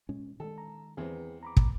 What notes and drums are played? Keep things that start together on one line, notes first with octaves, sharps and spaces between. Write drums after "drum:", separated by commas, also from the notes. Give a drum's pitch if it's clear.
A#2 G#3 C#4
D#3 G#3 A4
A#5
E2 C4 G#4 B4
A#5 B5 D6
drum: kick